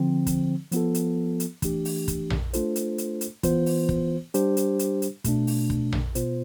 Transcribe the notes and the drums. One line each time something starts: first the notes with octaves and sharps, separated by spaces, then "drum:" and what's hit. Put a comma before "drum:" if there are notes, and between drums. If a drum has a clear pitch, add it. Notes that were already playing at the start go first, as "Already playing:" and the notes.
Already playing: D3 F3 C4
drum: kick, hi-hat
F3 B3 F4 A4, drum: hi-hat
drum: hi-hat
drum: hi-hat
E3 A3 D4 G4, drum: kick, hi-hat
drum: open hi-hat
drum: kick, hi-hat
drum: tom A#1
A3 D4 F4 A4 C5, drum: hi-hat
drum: hi-hat
drum: hi-hat
drum: hi-hat
E3 B3 F4 C5, drum: kick, hi-hat
drum: open hi-hat
drum: kick
G3 D4 G4 C5, drum: hi-hat
drum: hi-hat
drum: hi-hat
drum: hi-hat
B2 A3 D4, drum: kick, hi-hat
drum: open hi-hat
drum: kick
drum: tom A#1
B2 B3 F4 C5, drum: hi-hat